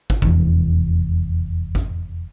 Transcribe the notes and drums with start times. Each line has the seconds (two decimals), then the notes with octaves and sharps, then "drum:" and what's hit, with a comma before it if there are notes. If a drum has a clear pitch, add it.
0.10 drum: kick
0.22 F1 E2, drum: kick
1.75 drum: kick